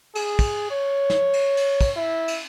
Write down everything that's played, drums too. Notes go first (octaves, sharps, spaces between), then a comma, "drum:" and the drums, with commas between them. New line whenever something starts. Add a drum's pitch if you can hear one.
G#4, drum: cymbal
drum: kick, cymbal
C#5
drum: snare
drum: cymbal
drum: cymbal
drum: kick, cymbal
E4
drum: cymbal